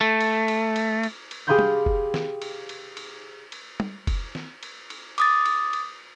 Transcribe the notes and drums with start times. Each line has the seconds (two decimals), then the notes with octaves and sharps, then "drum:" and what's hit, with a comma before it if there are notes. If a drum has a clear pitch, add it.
0.01 A3
0.21 drum: cymbal
0.48 drum: cymbal
0.76 drum: cymbal
1.03 drum: cymbal
1.31 drum: cymbal
1.47 G4 G#4 F5 B5 C6 G6
1.59 drum: tom
1.86 drum: kick F1
2.14 drum: snare
2.42 drum: cymbal
2.69 drum: cymbal
2.97 drum: cymbal
3.52 drum: cymbal
3.80 drum: tom
4.07 drum: kick F1, cymbal
4.35 drum: snare
4.63 drum: cymbal
4.90 drum: cymbal
5.18 D6 D#6 A6, drum: cymbal
5.46 drum: cymbal
5.73 drum: cymbal